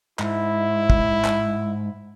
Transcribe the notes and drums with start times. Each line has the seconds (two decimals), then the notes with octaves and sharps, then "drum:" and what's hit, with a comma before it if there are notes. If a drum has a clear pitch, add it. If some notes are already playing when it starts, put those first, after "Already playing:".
0.19 G#2 E4, drum: clap
0.90 drum: kick
1.25 drum: clap